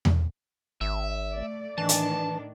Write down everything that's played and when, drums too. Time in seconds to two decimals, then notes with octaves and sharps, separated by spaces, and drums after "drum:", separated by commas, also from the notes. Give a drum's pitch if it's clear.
0.05 drum: tom E2
0.81 G#1 E5
1.32 A3 D5
1.78 A2 D#3 E3 D4 A5
1.89 drum: hi-hat